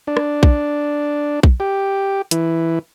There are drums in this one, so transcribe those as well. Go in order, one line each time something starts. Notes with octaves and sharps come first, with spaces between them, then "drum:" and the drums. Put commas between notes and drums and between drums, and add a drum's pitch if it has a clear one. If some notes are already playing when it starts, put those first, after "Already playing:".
D4
drum: rim click
drum: kick A#1
drum: kick A#1
G4
E3, drum: hi-hat